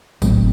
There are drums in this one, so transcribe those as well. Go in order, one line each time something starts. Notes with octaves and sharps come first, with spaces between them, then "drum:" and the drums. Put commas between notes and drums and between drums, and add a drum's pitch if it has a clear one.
A2 F#3 A3 C4, drum: kick, tambourine